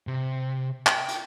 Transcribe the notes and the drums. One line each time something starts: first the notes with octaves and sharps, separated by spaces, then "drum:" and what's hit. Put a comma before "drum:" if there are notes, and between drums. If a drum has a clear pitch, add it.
C3
G5, drum: clap
drum: hi-hat